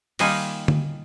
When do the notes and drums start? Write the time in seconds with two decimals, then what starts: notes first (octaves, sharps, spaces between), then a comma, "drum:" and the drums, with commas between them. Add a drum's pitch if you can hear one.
0.19 D#3 G3 A#3 D#4 F4 G#5, drum: open hi-hat
0.68 drum: tom D3